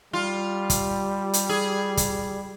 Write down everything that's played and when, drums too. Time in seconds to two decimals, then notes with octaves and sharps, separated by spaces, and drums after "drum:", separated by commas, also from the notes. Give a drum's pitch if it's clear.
0.13 G3 F4
0.70 drum: kick, hi-hat
1.33 drum: hi-hat
1.49 G#4
1.97 drum: kick, hi-hat